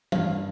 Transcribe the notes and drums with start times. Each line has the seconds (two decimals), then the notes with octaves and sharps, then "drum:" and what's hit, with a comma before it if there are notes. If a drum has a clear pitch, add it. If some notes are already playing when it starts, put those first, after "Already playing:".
0.12 G2 F5, drum: tom E3